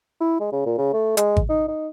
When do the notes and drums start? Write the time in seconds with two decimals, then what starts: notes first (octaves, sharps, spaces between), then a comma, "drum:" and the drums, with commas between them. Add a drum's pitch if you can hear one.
0.21 E4
0.40 G#3
0.52 C#3
0.66 A#2
0.78 C#3
0.93 A3
1.17 G#3, drum: hi-hat
1.37 drum: kick G#1
1.49 D#4
1.68 D#4